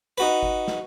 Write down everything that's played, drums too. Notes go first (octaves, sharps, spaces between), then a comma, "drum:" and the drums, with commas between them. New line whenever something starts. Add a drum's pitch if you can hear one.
D#4 F#4 B4, drum: hi-hat
drum: kick G1
drum: snare